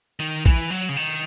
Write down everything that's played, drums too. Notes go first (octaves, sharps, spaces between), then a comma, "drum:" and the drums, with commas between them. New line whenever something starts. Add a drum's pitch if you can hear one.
D#3
E3, drum: kick
F#3
C#3
D#3